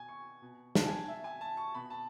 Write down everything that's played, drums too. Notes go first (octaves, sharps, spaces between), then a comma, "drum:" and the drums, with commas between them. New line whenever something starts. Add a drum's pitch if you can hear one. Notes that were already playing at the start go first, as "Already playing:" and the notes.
Already playing: B2 G#5
C#6
B2
A5, drum: snare
G#5
E5
G#5
A5
C#6
B2 B5
A5